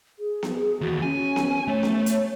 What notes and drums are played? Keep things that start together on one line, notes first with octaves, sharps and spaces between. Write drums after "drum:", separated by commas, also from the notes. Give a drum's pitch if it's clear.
G#4
drum: snare B3
D#2 E3 F#4
C#4 G#5
drum: snare B3
A3 C#5
drum: snare B3
drum: hi-hat